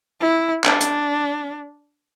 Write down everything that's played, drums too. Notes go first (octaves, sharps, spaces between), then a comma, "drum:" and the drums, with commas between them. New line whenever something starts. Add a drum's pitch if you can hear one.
E4
D4, drum: clap
drum: hi-hat